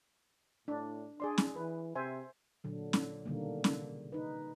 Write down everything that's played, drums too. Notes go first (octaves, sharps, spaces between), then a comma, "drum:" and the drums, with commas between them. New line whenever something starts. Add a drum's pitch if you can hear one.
A2 D4
D4 G#4 D5 C6
drum: snare C#4
E3 B4
C3 C5 E5 G#5
A#2 D3 F#3
drum: snare C#4
B2 D3 D#3 G3 A#3
C#3, drum: snare C#4
D#4 B4